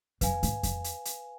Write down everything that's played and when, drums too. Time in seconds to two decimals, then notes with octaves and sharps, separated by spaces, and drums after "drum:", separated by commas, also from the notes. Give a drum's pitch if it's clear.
0.21 F#2 B4 F5 G#5, drum: kick F2, hi-hat
0.43 G#2, drum: hi-hat
0.63 drum: kick F2, hi-hat
0.84 drum: hi-hat
1.05 drum: hi-hat